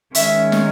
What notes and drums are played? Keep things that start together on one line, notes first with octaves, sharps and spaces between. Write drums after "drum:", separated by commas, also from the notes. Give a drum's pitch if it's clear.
D#3 G#3 C#4 E5, drum: hi-hat
drum: snare